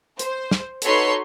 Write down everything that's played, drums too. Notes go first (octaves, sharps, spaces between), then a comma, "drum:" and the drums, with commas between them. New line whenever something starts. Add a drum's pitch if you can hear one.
C5, drum: hi-hat
drum: snare
D#4 F#4 A4 B4 C#5 C6, drum: hi-hat